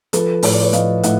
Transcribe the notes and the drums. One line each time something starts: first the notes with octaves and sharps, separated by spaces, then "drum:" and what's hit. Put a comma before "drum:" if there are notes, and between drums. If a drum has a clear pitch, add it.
F3 A4 B4, drum: hi-hat
A2 C#5, drum: open hi-hat
D5
B4 C#5
F3 D#5 F5, drum: hi-hat
A2 E5 F#5, drum: hi-hat